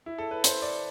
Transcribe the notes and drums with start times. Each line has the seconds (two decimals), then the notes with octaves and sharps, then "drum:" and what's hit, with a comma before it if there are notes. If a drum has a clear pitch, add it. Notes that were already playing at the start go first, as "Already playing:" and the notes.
0.06 E4
0.18 A4
0.31 B4
0.44 C5, drum: hi-hat
0.62 D5